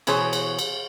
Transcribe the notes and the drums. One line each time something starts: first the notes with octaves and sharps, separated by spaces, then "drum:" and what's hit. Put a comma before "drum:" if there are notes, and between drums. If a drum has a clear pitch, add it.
B2 E3 G#4 C5 C#5, drum: cymbal
drum: cymbal
drum: cymbal